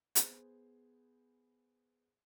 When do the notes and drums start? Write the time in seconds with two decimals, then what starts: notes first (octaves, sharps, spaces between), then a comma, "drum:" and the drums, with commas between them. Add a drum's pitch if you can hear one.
0.15 B3 G#4 C5, drum: hi-hat